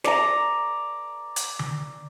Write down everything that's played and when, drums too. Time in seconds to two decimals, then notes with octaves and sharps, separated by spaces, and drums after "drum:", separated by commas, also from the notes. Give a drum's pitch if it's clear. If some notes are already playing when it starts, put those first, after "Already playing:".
0.04 D5 A#5, drum: snare
1.36 drum: hi-hat
1.59 drum: tom D3